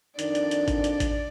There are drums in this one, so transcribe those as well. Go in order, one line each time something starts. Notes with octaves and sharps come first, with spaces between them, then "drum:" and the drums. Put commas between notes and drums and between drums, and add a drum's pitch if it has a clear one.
F2 D#3 C4 D4 D5, drum: hi-hat
drum: hi-hat
drum: hi-hat
drum: kick G#1, hi-hat
drum: hi-hat
drum: kick G#1, hi-hat